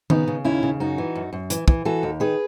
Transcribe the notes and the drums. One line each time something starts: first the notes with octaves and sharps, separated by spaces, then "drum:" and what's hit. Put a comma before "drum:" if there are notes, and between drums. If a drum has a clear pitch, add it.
C#3 B3 D#4, drum: tom D#3
C#3
D#2 C#4 E4
C#3
F#2 D#4 F#4
E3
F#2
F#2
E3, drum: hi-hat
E3, drum: kick
E3 F#4 A4
D#2
D#3 G#4 B4